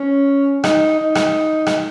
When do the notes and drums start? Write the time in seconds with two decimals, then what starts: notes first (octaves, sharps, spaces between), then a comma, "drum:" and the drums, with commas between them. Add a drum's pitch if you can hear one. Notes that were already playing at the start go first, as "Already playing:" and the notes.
Already playing: C#4
0.64 D#4, drum: rim click
0.99 D#4
1.15 drum: rim click
1.66 drum: rim click